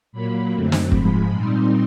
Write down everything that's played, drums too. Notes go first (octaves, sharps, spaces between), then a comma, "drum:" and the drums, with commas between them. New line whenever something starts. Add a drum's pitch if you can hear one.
A#2 F#3 A#3 B5
F#2 D3 F#3 A3 C4
drum: snare
G#2 F3 G#3 B5, drum: kick
A#2 G3 C4 D#4 C6